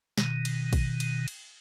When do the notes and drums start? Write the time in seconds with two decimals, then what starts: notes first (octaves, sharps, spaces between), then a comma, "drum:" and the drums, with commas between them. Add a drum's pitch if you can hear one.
0.18 B2 D#3, drum: snare
0.45 drum: cymbal
0.73 drum: kick, cymbal
1.00 drum: cymbal
1.28 drum: cymbal